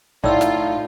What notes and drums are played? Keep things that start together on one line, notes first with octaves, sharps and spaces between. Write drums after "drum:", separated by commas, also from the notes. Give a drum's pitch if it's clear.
A2 D#4 F4 D5 E6, drum: kick
drum: snare